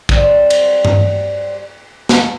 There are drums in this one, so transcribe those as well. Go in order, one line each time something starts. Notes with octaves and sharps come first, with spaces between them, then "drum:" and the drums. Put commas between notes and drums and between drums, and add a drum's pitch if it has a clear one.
F#3 G3 C4, drum: kick
drum: cymbal
drum: tom G2
drum: snare